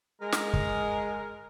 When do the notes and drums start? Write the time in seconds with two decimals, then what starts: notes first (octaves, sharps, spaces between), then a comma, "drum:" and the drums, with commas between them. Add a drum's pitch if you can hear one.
0.21 G#3 A#4
0.32 drum: snare
0.53 drum: kick